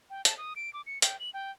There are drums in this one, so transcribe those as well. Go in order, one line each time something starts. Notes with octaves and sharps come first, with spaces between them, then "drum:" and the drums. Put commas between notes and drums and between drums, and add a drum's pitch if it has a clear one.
G5
A5, drum: hi-hat
D#6
D7
D6
C#7
G5, drum: hi-hat
F#7
G5